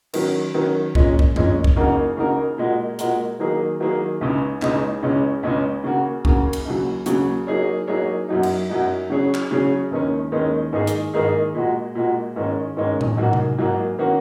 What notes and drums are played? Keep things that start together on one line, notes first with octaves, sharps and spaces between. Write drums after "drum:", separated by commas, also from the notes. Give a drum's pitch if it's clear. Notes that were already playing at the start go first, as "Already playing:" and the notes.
D#3 F#3 C#4, drum: cymbal
D#3 F#3 C#4
A#2 G#3 C#4, drum: kick C2
drum: kick C2
A#2 G#3 C#4, drum: tom F2
drum: kick C2
C#3 A#3 D#4 F#4 A#4
C#3 A#3 D#4 F#4 A#4
A#2 G#3 F#4 A#4
A#2 G#3 F#4 A#4, drum: hi-hat
D#3 F#3 A#3 D#4 G#4
D#3 F#3 A#3 D#4 G#4
C#2 C#3 G#3 D#4
C#2 C#3 G#3 D#4, drum: clap
C#2 C#3 G#3 C#4
C#2 C#3 G#3 C#4
C#3 A#3 F#4
C#3 A#3 F#4, drum: kick C2
drum: cymbal
D#2 C#3 F#3
D#2 C#3 F#3, drum: hi-hat
F#3 A#3 D#4 G#4 C#5
F#3 A#3 D#4 G#4 C#5
F#2 F#3 D#4
drum: cymbal
F#2 F#3 D#4
C#3 F#3 C#4 G#4 C#5
drum: clap
C#3 F#3 C#4 G#4 C#5
D#2 D#3 G#3 C#4
D#2 D#3 G#3 C#4
G#2 D#3 A#3 D#4 G#4
drum: hi-hat
G#2 D#3 A#3 D#4 G#4
A#2 G#3 F#4
A#2 G#3 F#4
G#2 D#3 G#3 C#4
G#2 D#3 G#3 C#4
drum: tom A2
G#2 F#3 A#3 D#4 F#4
drum: tom C3
G#2 F#3 A#3 D#4 F#4
D#3 A#3 C#4 F#4